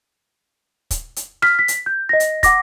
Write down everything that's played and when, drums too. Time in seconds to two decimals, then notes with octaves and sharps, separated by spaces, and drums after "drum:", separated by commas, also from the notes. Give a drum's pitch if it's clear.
0.91 drum: kick, hi-hat
1.16 drum: hi-hat
1.42 F6 B6, drum: rim click
1.59 B6
1.68 drum: hi-hat
1.86 G6
2.09 D#5 A#6
2.20 drum: hi-hat
2.43 F#5 D6 A#6, drum: kick, hi-hat